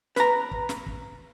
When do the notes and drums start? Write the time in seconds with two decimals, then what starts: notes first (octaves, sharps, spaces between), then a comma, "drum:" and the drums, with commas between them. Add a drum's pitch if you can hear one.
0.16 B4 A#5, drum: snare
0.51 drum: kick
0.69 drum: snare
0.86 drum: kick